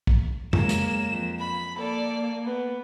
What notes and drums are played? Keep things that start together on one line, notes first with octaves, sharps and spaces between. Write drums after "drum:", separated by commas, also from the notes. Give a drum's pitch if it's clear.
drum: kick
F#2 G#3 A#3 E7, drum: tom F2
drum: hi-hat
F2
B5
A#3 A4 D5
B3